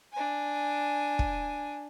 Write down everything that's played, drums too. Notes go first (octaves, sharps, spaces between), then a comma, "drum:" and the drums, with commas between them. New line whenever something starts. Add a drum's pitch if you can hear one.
D4 G#5
drum: kick